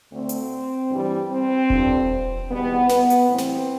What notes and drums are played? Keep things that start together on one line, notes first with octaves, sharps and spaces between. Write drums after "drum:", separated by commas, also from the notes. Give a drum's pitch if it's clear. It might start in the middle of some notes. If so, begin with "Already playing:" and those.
D2 D3 A3 C4
drum: hi-hat
G2 E3 G3
C4
G2 D3 F3, drum: kick E1
E2 B2 G3 B3
B3, drum: snare
drum: hi-hat
A2 E3 G3 C4
drum: snare